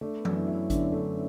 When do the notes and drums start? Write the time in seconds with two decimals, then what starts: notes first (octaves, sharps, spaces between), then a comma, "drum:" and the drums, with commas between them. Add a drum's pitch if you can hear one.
0.01 A3 D4 D5
0.19 B3 B4
0.25 F#2, drum: tom E3
0.36 E4 E5
0.48 E4
0.53 C#4 C#5
0.70 D3 D4 D5, drum: kick G#1, hi-hat
0.92 A3